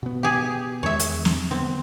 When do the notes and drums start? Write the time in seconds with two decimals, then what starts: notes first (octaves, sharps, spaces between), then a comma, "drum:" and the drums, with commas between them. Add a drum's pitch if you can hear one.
0.03 B2 B3
0.23 G4 G#4
0.83 E2 D#3 G#3 C#5 E5
0.99 drum: hi-hat
1.25 drum: snare
1.51 D3 B3 C4